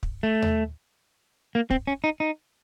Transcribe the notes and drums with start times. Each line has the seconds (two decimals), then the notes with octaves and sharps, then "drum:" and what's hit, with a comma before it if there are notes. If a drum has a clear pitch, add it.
0.03 drum: kick
0.23 A3
0.42 drum: tom D#2
1.55 A#3
1.71 C4, drum: kick
1.87 C#4
2.04 D#4
2.20 D#4